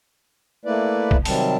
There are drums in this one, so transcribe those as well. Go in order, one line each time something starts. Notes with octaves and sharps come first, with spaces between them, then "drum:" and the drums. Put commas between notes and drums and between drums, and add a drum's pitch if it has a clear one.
A3 A#3 E4 B4 D5
drum: kick
C3 D#3 F#3 G3 C4 A5, drum: open hi-hat